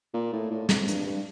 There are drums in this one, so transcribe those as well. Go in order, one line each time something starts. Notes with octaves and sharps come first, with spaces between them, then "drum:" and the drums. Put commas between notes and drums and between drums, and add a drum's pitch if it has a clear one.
A#2
A2
A2
F2, drum: snare
G2, drum: hi-hat
G2